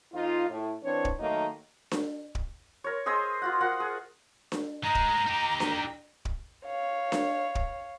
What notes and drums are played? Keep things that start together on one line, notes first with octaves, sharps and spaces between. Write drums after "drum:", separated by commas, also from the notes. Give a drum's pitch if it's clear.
F2 D#4 F4
A2
E3 C4 D4 C#5
drum: kick D1
D#3 F#3 A3 A#3 D#4
drum: snare D4
drum: kick D1
A#4 C#5
G#4 C5 D#5 E6
F4 F#4 F#5
F4 F#4 A#4 F#5
G#4
drum: snare D4
G#3 D#4 A#5
drum: kick D1
D#4 G4
drum: snare D4
drum: kick D1
C#5 F5
drum: snare D4
drum: kick D1